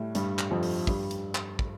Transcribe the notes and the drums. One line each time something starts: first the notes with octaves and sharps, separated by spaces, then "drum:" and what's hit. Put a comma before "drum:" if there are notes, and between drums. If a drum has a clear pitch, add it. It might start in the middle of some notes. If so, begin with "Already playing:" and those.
Already playing: A2 G3 A3
G2 G3, drum: hi-hat
drum: clap
F2 F3
drum: open hi-hat
G2 G3, drum: kick
drum: hi-hat
drum: clap
drum: kick